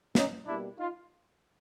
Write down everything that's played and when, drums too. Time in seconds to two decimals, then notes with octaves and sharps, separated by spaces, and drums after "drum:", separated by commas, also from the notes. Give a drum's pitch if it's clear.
0.15 C#4 D#4, drum: snare
0.46 B2 G3 A#3 D4 E4
0.77 D#4 F4